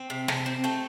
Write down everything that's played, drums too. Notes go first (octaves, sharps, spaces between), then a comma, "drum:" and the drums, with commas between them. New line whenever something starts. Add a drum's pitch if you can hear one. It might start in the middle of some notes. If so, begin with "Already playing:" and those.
Already playing: C4
C3
C3 A4, drum: snare
C4
A3 G5